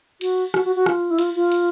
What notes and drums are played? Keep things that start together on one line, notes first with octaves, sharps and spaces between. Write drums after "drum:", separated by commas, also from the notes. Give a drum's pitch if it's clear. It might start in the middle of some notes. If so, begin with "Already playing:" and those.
F#4, drum: cymbal
F#4, drum: rim click
F#4
F#4
F4, drum: rim click
E4
F4, drum: cymbal
F4
drum: cymbal